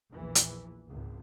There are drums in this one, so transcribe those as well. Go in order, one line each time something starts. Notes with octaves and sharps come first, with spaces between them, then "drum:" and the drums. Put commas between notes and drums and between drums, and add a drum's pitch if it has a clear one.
A#1 E2 E3
drum: hi-hat
G#1 C#2